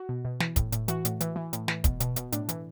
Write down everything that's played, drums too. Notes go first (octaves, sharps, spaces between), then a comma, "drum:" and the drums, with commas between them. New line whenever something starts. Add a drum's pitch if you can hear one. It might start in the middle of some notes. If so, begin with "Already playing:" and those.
Already playing: F#4
B2
B2
E3, drum: snare
A2, drum: kick, hi-hat
A2, drum: hi-hat
E3 F#4, drum: hi-hat
A2, drum: hi-hat
E3, drum: hi-hat
E3
A2, drum: hi-hat
E3, drum: snare
B2, drum: kick, hi-hat
B2, drum: hi-hat
B2, drum: hi-hat
A2 D4, drum: hi-hat
E3, drum: hi-hat